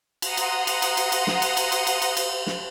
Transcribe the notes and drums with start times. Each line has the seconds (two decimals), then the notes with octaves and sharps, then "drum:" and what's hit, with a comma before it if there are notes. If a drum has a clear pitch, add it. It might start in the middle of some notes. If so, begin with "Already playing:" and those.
0.22 F#5 A#5 C6 D#6, drum: cymbal
0.37 drum: cymbal
0.67 drum: cymbal
0.82 drum: cymbal
0.97 drum: cymbal
1.12 drum: cymbal
1.27 drum: snare
1.42 drum: cymbal
1.57 drum: cymbal
1.72 drum: cymbal
1.87 drum: cymbal
2.02 drum: cymbal
2.17 drum: cymbal
2.47 drum: snare